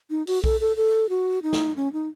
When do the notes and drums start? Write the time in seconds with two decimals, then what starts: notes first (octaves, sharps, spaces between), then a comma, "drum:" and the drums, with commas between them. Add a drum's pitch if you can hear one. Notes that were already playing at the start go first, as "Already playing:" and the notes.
0.10 D#4
0.27 F#4, drum: open hi-hat
0.44 A4, drum: kick B1
0.60 A4
0.77 A4
1.09 F#4
1.43 D#4
1.53 drum: snare
1.76 C#4
1.93 D#4